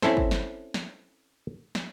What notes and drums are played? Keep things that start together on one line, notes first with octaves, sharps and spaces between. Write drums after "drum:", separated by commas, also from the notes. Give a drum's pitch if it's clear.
C4 C#4 E4 A4 C5, drum: snare
drum: kick
drum: snare
drum: snare
drum: snare